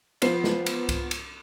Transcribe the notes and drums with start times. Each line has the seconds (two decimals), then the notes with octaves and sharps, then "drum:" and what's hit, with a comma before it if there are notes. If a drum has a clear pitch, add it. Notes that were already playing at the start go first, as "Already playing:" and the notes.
0.22 F3 B3 C5 C7, drum: cymbal
0.44 drum: snare
0.66 drum: cymbal
0.89 drum: kick C2, cymbal
1.11 drum: cymbal